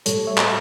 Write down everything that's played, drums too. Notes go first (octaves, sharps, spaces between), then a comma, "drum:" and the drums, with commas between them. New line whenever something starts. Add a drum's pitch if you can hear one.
A2 G3 A4 C#5, drum: hi-hat
C#5 E5
drum: clap